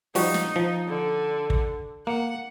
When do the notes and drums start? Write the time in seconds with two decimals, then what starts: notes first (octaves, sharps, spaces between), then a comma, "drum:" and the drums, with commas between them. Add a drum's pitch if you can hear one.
0.15 F3 G3 D#4 F#4, drum: open hi-hat
0.34 drum: snare
0.56 F3
0.87 D3
1.50 drum: kick
2.07 A#3 F#5